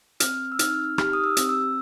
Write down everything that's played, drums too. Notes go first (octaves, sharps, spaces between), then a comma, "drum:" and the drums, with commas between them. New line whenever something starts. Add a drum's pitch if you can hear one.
C4 F6, drum: hi-hat
E6
D#4 F6, drum: hi-hat
G4 F6, drum: rim click
D#6
E6
C4, drum: hi-hat
E6